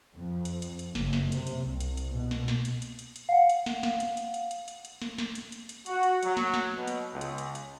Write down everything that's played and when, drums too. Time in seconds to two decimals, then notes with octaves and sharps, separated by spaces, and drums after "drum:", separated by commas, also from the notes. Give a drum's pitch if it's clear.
0.18 F2
0.45 drum: hi-hat
0.62 drum: hi-hat
0.79 drum: hi-hat
0.95 F#1, drum: snare
1.13 drum: snare
1.32 C3, drum: hi-hat
1.47 drum: hi-hat
1.64 C2
1.80 drum: hi-hat
1.97 drum: hi-hat
2.11 B2
2.31 drum: snare
2.48 drum: snare
2.65 drum: hi-hat
2.82 drum: hi-hat
2.99 drum: hi-hat
3.16 drum: hi-hat
3.29 F5 F#5
3.49 drum: hi-hat
3.66 drum: snare
3.83 drum: snare
4.00 drum: hi-hat
4.17 drum: hi-hat
4.34 drum: hi-hat
4.51 drum: hi-hat
4.68 drum: hi-hat
4.85 drum: hi-hat
5.02 drum: snare
5.18 drum: snare
5.35 drum: hi-hat
5.52 drum: hi-hat
5.69 drum: hi-hat
5.86 F#4, drum: hi-hat
6.03 drum: hi-hat
6.23 F#3, drum: hi-hat
6.37 drum: snare
6.54 drum: snare
6.76 B2
6.87 drum: hi-hat
7.12 C#2
7.21 drum: hi-hat
7.38 drum: hi-hat
7.55 drum: hi-hat